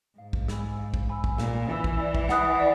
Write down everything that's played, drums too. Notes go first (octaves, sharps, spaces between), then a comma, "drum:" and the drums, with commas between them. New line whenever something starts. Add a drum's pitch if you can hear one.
G#2 F5
drum: kick
G#5 B5 E6, drum: snare
F5
drum: kick
G#5 B5 E6
drum: kick
A#2 F5, drum: snare
E3 G#5 B5 E6
drum: kick
D5
drum: kick
F#5 B5 D#6 F#6, drum: snare
D5